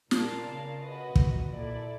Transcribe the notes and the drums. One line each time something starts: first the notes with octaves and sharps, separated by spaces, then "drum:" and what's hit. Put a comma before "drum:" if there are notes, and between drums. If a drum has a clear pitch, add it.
A#2 F4 A#4 D5 F5 A5, drum: snare
C#3
F#4 B4 D#5
A#2, drum: kick
A#2 E4 A4 D5